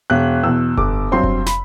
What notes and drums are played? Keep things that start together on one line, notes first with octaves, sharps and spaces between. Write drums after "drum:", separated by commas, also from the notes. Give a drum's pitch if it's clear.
E1 F#6
E2 B2 E6
G1 D6, drum: kick F1
G2 F#3 C4 C6
drum: kick F1
B5, drum: snare